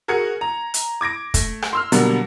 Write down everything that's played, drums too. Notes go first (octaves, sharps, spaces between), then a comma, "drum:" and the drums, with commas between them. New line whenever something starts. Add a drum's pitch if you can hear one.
F#4 G#4 A#4 G#6 C#7
A#5
drum: hi-hat
D6 G#6 A#6 D7
A3, drum: kick, hi-hat
drum: rim click
C6 E6 F6
B2 D3 F#3 G3 A#3 B3, drum: hi-hat